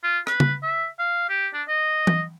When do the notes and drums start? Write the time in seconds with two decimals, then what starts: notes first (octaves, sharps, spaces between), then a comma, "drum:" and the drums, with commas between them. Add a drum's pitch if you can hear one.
0.04 F4
0.27 B4, drum: rim click
0.40 drum: tom C#3
0.63 E5
0.99 F5
1.29 G4
1.54 D4
1.68 D#5
2.07 drum: tom E3